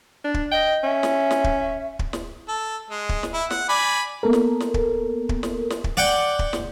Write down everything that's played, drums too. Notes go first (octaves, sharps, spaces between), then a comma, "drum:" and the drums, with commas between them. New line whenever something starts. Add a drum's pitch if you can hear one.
D4
drum: kick
D#5 G5
C#4 E5
drum: snare
drum: snare
drum: kick
drum: kick
drum: snare
A4
G#3
drum: kick
drum: snare
E4
F#5, drum: snare
D5 G#5 B5
A#3 B3 A4 A#4
drum: snare
drum: snare
drum: kick
drum: kick
drum: snare
drum: snare
drum: kick
D5 F#5 G5
drum: kick
drum: snare